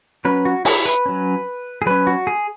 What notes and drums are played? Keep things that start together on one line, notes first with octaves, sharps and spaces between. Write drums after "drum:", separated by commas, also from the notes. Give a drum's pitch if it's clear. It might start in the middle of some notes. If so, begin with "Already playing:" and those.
F#3 C#4 B4
F#4
E4, drum: open hi-hat
B4
F#3 C#4
G#4
F#3 C#4 B4
F#4
G#4